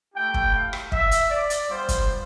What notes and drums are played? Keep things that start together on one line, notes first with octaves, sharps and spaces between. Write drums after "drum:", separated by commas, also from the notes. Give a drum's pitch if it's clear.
A3 E4 G4 G5
drum: kick
F5
drum: rim click
E5, drum: kick
drum: hi-hat
D5
drum: hi-hat
G3 B3 F4 C5
drum: kick, hi-hat